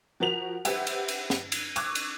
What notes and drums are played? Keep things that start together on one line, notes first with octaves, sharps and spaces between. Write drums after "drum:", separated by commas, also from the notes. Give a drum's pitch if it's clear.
F3 F#4 A#4 B6 F7
G4 B4 C5 E5 F#5, drum: cymbal
drum: cymbal
drum: cymbal
drum: snare
drum: cymbal
C#6 D6 E6 F#6 G#6, drum: cymbal
drum: cymbal